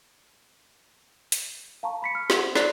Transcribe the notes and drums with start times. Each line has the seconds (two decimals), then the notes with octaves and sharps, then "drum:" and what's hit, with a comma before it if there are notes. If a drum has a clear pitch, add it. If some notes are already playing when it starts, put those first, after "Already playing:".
1.32 drum: hi-hat
1.83 F5 A5 A#5 C#6
2.02 B5 B6 C#7
2.15 F6
2.30 G4 F#5, drum: snare
2.44 C5
2.55 F4 D5 A#5 F#6 A6 C7, drum: snare